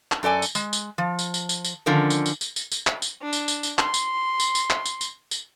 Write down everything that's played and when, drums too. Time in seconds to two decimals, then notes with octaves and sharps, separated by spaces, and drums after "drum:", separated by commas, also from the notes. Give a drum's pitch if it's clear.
0.12 drum: clap
0.23 F#2 A4 D5 G#5
0.42 drum: tambourine
0.55 G#3, drum: tambourine
0.73 drum: tambourine
0.98 F3
1.19 drum: tambourine
1.34 drum: tambourine
1.49 drum: tambourine
1.65 drum: tambourine
1.86 D3 D#3 F3 C#4 A#4
2.10 drum: tambourine
2.26 drum: tambourine
2.41 drum: tambourine
2.56 drum: tambourine
2.72 drum: tambourine
2.87 drum: clap
3.02 drum: tambourine
3.22 D4
3.33 drum: tambourine
3.48 drum: tambourine
3.63 drum: tambourine
3.79 C6, drum: clap
3.94 drum: tambourine
4.40 drum: tambourine
4.55 drum: tambourine
4.70 drum: clap
4.86 drum: tambourine
5.01 drum: tambourine
5.31 drum: tambourine